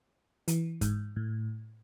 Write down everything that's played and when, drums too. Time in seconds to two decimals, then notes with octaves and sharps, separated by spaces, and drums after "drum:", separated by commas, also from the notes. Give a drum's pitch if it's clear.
0.48 E3, drum: hi-hat
0.81 G#2, drum: kick F1, hi-hat
1.16 A2